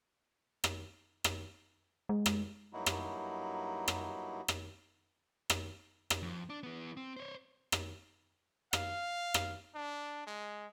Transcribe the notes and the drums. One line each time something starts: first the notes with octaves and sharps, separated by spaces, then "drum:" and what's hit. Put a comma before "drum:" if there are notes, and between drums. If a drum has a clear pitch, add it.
drum: rim click
drum: rim click
G#3
drum: rim click
G2 F#3 A#3 D#4 E4 F#4
drum: rim click
drum: rim click
drum: rim click
drum: rim click
drum: rim click
F2
D4
E3 B3
C4
C5 C#5
drum: rim click
F5, drum: rim click
drum: rim click
D4
G#3